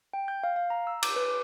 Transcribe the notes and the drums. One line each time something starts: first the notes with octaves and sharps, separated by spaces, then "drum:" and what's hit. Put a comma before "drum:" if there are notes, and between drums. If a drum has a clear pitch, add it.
G5
G6
F5
F5
A#5
E6
D6, drum: cymbal
B4
D6